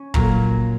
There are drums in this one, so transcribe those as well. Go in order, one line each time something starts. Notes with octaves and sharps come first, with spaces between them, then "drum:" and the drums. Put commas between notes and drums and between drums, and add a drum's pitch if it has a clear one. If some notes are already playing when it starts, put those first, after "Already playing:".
Already playing: C#4
A#2 F#3 A#3 A#5, drum: kick